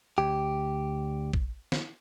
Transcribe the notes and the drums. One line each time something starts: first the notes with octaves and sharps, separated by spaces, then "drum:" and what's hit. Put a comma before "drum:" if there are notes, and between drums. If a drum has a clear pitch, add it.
D2 G4
drum: kick
drum: snare